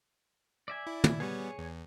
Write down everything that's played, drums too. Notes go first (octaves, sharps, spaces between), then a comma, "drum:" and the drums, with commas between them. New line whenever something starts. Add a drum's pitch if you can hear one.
D5 E5 G#5
E4
drum: tom
G3 B3 G#4 C#5 G#5
E2